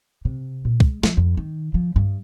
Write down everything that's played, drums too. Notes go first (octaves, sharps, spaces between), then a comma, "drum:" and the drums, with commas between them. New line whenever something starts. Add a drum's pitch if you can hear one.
C3
A#2
G#3, drum: kick
F3, drum: snare
F2
D#3
F3
G2